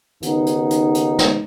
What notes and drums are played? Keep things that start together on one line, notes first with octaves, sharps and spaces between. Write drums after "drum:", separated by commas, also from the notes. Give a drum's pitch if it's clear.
D#2 C#3 B3 D#4, drum: hi-hat
drum: hi-hat
drum: hi-hat
drum: hi-hat
drum: snare